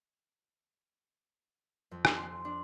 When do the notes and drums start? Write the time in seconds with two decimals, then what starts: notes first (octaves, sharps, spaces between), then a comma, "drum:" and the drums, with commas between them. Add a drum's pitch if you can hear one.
1.91 F2
2.05 drum: rim click
2.17 C6
2.45 D4